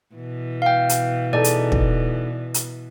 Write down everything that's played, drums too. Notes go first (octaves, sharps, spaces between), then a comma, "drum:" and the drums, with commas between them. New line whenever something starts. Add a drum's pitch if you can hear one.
B2 E3
F5 G5
drum: hi-hat
D#4 G#4 A4 D5
drum: hi-hat
drum: kick
drum: hi-hat